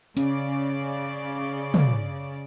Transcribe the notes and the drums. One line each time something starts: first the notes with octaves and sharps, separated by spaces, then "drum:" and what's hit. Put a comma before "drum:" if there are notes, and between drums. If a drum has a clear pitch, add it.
C#3 C#4 D5, drum: hi-hat
drum: tom